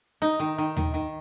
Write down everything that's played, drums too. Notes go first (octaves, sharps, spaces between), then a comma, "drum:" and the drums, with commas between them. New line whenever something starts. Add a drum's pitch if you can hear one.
D#4
D#3
D#3
D#3, drum: tom D#2
D#3